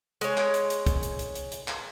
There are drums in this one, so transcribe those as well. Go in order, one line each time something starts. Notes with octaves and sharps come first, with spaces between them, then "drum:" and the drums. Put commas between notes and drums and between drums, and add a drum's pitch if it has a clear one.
G#3 C#5, drum: hi-hat
drum: clap
drum: hi-hat
drum: hi-hat
drum: kick, hi-hat
drum: hi-hat
drum: hi-hat
drum: hi-hat
drum: hi-hat
drum: clap